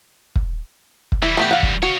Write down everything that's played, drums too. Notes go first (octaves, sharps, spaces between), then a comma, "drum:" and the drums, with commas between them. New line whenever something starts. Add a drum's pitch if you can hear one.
drum: kick
drum: kick
E3 G3 E4
A3 B3 G4
F5 F#5
drum: kick
F#4 C#5 F5